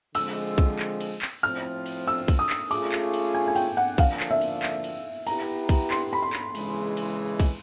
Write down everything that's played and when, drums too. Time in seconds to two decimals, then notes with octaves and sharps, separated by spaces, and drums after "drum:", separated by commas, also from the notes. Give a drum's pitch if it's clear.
0.15 D3 F3 G#3 C4 E6, drum: cymbal
0.58 drum: kick
0.79 drum: clap
1.00 drum: cymbal
1.22 drum: clap
1.43 A2 F3 A3 C4 F6
1.86 drum: cymbal
2.07 E6
2.28 drum: kick, cymbal
2.39 D#6
2.50 drum: clap
2.71 A3 C#4 F4 G#4 D6, drum: cymbal
2.92 drum: clap
3.13 drum: cymbal
3.34 G#5
3.48 G#5
3.55 G5, drum: cymbal
3.77 F#5
3.98 D3 F3 A#3 D4 F5, drum: kick, cymbal
4.20 drum: clap
4.31 E5
4.41 drum: cymbal
4.63 drum: clap
4.84 drum: cymbal
5.26 B3 E4 G4 A#5, drum: cymbal
5.69 drum: kick, cymbal
5.91 C6, drum: clap
6.13 B5
6.22 C6
6.33 drum: clap
6.55 C#3 E3 G#3, drum: cymbal
6.97 drum: cymbal
7.40 drum: kick, cymbal